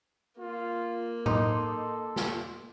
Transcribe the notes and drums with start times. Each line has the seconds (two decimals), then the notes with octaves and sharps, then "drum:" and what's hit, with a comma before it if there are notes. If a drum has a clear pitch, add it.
0.40 A#3 F4
1.26 D#4 A4 C6 D6, drum: tom A2
2.16 drum: snare